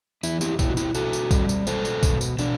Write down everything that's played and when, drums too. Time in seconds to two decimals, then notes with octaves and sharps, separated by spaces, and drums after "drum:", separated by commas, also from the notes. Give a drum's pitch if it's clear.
0.23 E2 E4, drum: tambourine
0.41 E4 G4, drum: tambourine
0.59 B2 E4, drum: kick A#1, tambourine
0.69 F#4
0.77 E4 G4, drum: tambourine
0.95 B2 F#4 A4, drum: tambourine
1.13 drum: tambourine
1.31 G3, drum: kick A#1, tambourine
1.49 drum: tambourine
1.67 B2 A4 C5, drum: tambourine
1.85 drum: tambourine
2.03 B2, drum: kick A#1, tambourine
2.21 drum: tambourine
2.39 B2 D4, drum: tambourine